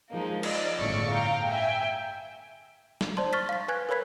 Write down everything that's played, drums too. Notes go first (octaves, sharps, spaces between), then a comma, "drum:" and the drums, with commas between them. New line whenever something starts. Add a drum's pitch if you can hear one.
F3 G#3 A#3 D#4
D5 D#5, drum: cymbal
G1 A2 C#3 D5 C#6
F5 G5 A#5
E5 G5 G#5
drum: snare
C5 D5 A5 C6
C#6 F6 A6 B6
F5 B6
B4 G#5 F#6 G#6
A#4 B4 C#5 B5 G#6 B6